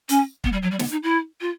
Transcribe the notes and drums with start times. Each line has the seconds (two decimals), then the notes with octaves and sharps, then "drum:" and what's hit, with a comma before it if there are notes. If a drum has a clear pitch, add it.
0.09 C#4, drum: hi-hat
0.44 B3, drum: kick
0.52 G3
0.62 F#3
0.71 G3
0.79 B3, drum: snare
0.91 D#4
1.03 E4
1.41 F4